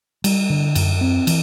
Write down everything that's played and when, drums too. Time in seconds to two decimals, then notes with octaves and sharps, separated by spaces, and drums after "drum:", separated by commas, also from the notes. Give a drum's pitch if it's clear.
0.24 G3, drum: cymbal
0.50 D3
0.75 F#2, drum: cymbal
1.01 C4
1.27 E3, drum: cymbal